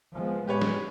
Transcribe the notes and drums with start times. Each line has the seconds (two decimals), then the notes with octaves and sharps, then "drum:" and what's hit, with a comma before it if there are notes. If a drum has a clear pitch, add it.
0.13 F3 G#3 B3
0.47 A2 G#3 G4 B4 C#5
0.61 drum: snare